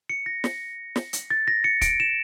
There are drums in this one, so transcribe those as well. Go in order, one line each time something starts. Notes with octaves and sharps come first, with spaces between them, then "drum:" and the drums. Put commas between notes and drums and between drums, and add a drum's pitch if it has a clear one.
C#7
A#6
drum: snare
drum: snare
drum: hi-hat
A6
A#6
C#7
D7, drum: kick, hi-hat
E7